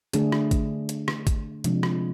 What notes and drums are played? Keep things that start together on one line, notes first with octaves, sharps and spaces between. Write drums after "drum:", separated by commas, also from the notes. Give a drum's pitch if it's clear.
D3 A3 D4 G#4, drum: hi-hat
drum: rim click
drum: kick G#1, hi-hat
drum: hi-hat
drum: rim click
drum: kick G#1, hi-hat
C3 F3 G#3 D4, drum: hi-hat
drum: rim click